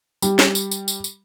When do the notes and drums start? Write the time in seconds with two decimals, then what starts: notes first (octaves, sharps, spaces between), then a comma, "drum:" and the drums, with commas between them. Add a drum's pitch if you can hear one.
0.22 G3, drum: tambourine
0.39 drum: snare
0.55 drum: tambourine
0.71 drum: tambourine
0.88 drum: tambourine
1.04 drum: tambourine